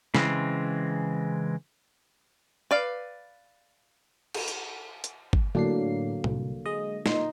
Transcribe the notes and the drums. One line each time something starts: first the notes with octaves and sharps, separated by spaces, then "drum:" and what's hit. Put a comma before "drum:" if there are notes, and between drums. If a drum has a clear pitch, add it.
C#3 E3 G#3 C4, drum: snare
B4 D5 F5
drum: cymbal
drum: hi-hat
drum: hi-hat
drum: kick
A2 D3 F#3 A#3 D4 C7
C2, drum: tom A2
G#3 D#5
A#2 D#4 C6, drum: snare